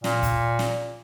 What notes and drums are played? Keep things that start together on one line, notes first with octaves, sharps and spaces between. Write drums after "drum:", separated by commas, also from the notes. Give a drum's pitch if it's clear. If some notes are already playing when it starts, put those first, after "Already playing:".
A#2, drum: snare
drum: kick, hi-hat
drum: snare